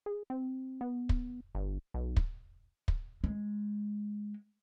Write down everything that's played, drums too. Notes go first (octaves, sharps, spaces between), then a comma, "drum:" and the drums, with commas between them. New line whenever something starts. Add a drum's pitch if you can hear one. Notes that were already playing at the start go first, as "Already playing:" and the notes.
G#4
C4
B3
drum: kick
G1
B1
drum: kick
drum: kick
G#3